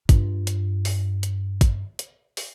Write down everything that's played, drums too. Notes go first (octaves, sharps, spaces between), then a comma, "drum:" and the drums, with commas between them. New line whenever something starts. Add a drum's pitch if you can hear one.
G2 F4, drum: kick, hi-hat
drum: hi-hat
drum: open hi-hat
drum: hi-hat
drum: kick, hi-hat
drum: hi-hat
drum: open hi-hat